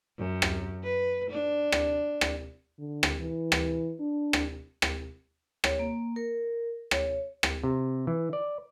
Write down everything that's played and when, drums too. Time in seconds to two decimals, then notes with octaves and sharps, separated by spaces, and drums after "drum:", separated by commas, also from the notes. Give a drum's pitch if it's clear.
0.18 F#2
0.42 drum: rim click
0.83 B4
1.31 D4
1.72 drum: rim click
2.21 drum: rim click
2.79 D3
3.03 drum: rim click
3.20 E3
3.52 drum: rim click
4.00 D4
4.33 drum: rim click
4.82 drum: rim click
5.64 C#5, drum: rim click
5.79 A#3
6.16 A#4
6.91 C#5, drum: rim click
7.43 drum: rim click
7.64 C3
8.07 E3
8.33 D5